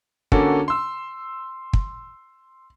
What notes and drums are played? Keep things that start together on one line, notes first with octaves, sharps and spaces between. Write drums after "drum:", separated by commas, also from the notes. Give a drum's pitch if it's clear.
D3 A#3 C#4 F#4 A4, drum: kick
C6 E6
drum: kick